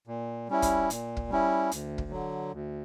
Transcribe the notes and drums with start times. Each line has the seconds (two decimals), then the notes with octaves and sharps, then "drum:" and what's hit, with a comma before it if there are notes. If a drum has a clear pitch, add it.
0.07 A#2
0.48 G3 C#4 E4
0.62 drum: kick, hi-hat
0.90 A#2, drum: hi-hat
1.17 drum: kick
1.30 G3 C#4 E4
1.71 D2, drum: hi-hat
1.98 drum: kick
2.11 D3 F#3
2.52 D2